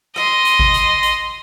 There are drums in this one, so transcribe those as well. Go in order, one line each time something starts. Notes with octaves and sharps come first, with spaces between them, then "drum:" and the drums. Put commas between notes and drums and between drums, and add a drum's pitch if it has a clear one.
D#5 C6, drum: rim click
drum: hi-hat
drum: kick G#1
drum: hi-hat
drum: hi-hat